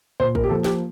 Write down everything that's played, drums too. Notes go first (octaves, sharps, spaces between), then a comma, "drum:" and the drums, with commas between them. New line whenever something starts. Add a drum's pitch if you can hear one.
A#2 C5
A#4, drum: kick
G4
F3 A#3 A4
G4, drum: snare